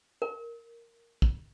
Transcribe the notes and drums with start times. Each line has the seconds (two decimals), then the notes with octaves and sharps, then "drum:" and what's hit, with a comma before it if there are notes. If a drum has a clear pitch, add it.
0.22 A#4
1.22 drum: kick